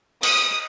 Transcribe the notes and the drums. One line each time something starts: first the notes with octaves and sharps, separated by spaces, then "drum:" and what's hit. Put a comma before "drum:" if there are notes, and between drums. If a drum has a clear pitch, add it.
D#6, drum: cymbal